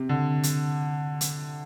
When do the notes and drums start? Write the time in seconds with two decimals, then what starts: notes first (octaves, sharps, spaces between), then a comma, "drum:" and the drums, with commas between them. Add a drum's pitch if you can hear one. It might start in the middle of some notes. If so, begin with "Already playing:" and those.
Already playing: C3
0.09 D3
0.43 drum: hi-hat
1.21 drum: hi-hat